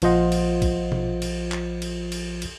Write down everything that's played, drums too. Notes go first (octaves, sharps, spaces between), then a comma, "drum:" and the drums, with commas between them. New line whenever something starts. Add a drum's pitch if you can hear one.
A#1 F3 F4 C5 D#5 F#5, drum: cymbal
drum: cymbal
drum: kick A#1, cymbal
drum: tom B2
drum: cymbal
drum: clap
drum: cymbal
drum: cymbal
drum: cymbal